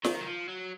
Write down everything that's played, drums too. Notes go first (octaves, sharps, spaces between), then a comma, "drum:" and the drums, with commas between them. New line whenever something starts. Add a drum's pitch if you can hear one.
D#3, drum: snare
F#3
F3
F#3